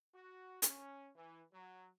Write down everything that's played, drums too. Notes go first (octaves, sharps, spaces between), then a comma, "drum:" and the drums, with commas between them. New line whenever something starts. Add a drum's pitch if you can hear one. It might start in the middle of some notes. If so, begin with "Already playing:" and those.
F#4
C#4, drum: hi-hat
E3
F#3